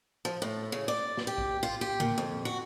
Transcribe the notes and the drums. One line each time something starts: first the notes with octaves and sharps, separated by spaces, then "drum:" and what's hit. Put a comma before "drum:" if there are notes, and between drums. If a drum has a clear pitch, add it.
F3
A2
C#3
D5
drum: snare
G4
drum: kick A#1
F4
G4
A#2, drum: tom D3
F2
F#4